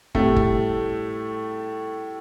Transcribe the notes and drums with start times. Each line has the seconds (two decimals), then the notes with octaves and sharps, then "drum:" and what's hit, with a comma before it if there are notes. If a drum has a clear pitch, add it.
0.15 A2 G3 A3, drum: kick
0.36 drum: kick